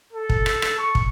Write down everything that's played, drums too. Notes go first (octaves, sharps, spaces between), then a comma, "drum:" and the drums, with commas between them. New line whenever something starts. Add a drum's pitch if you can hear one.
A4
drum: kick
drum: rim click
drum: rim click
C#6
drum: kick